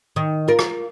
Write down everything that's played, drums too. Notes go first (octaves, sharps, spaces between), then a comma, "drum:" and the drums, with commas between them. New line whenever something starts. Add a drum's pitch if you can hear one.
D#3
F4 A#4
drum: rim click